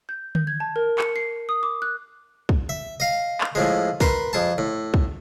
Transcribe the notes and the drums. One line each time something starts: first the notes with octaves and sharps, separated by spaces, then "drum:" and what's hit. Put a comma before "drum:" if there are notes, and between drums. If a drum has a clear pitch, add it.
G6
G6, drum: tom D3
G#6
A5
A#4
C#7, drum: clap
C7
D#6
D6
F#6
drum: kick
E5
D#5 F5
drum: clap
A2 F3 G#3
A#4 B4 C6, drum: kick
F2 G#4 A5
A2
drum: kick